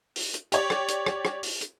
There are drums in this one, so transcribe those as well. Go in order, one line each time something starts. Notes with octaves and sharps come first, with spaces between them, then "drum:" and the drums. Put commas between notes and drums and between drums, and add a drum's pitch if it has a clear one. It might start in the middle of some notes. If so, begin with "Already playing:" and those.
drum: open hi-hat
drum: hi-hat
G4 C#5 D5, drum: hi-hat
drum: rim click
drum: hi-hat
drum: rim click
drum: rim click
drum: open hi-hat
drum: hi-hat